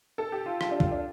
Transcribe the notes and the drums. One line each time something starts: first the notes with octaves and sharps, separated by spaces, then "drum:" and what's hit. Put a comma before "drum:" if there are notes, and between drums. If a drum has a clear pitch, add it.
A4
G4
F4
F4, drum: rim click
D4
F4, drum: kick
D4